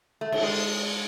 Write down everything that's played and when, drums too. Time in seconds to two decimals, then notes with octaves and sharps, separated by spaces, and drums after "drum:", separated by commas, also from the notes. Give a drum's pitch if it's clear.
0.21 A3
0.32 A3, drum: cymbal
0.43 G#3